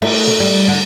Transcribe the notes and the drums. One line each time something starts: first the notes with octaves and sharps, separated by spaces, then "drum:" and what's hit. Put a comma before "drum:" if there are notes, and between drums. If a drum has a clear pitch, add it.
A3, drum: cymbal
drum: tom
G3
D3